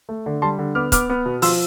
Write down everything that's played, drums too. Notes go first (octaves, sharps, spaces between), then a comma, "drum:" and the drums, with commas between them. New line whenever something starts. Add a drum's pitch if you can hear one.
A3
D3
G3 A5 C6
D3
B3 D6 F6
B3 D6 F6, drum: kick, hi-hat
B3
B2
F3 C6 E6, drum: open hi-hat